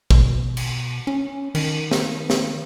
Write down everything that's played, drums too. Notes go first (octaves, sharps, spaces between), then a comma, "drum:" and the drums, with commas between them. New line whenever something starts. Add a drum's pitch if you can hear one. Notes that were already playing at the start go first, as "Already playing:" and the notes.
B2, drum: kick
drum: cymbal
C#4
D#3, drum: cymbal
drum: snare
drum: snare